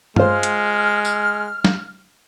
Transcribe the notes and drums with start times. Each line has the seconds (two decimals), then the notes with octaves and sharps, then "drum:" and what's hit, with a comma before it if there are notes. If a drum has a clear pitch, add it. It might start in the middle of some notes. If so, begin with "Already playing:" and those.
0.16 G#3 F4 C5 F6, drum: tom
0.43 drum: hi-hat
1.05 drum: tambourine
1.65 drum: snare